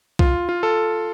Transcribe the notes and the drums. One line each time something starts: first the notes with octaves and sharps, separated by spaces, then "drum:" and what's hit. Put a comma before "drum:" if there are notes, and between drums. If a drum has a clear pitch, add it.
F4, drum: kick B1
F4
A4